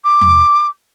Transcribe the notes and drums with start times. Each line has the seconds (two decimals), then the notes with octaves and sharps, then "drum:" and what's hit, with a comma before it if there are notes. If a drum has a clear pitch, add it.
0.04 D6
0.21 drum: tom E2